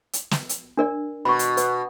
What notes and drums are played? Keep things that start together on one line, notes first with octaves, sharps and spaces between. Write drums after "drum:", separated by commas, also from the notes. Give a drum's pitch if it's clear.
drum: hi-hat
drum: snare
drum: hi-hat
D4 A#4 D5
B2 B5 C#6
drum: hi-hat
B4, drum: hi-hat